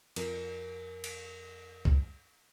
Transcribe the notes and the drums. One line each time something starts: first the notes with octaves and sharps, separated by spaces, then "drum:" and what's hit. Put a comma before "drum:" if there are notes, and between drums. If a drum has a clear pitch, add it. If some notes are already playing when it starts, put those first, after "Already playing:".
F2 A#4, drum: cymbal
drum: cymbal
drum: kick